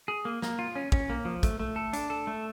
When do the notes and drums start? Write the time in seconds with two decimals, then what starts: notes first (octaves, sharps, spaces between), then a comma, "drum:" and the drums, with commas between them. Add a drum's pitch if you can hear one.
0.08 G#4
0.25 A#3
0.42 A#3, drum: snare
0.59 F4
0.75 C#4
0.92 C#4, drum: kick
1.10 A#3
1.25 F3
1.43 A3, drum: kick, hi-hat
1.59 A3
1.76 A4
1.93 D4, drum: hi-hat
2.10 A4
2.27 A3